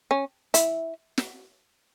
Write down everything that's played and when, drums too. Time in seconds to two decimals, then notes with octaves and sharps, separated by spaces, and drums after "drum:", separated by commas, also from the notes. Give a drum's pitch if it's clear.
0.11 C#4
0.54 E4, drum: hi-hat
1.18 drum: snare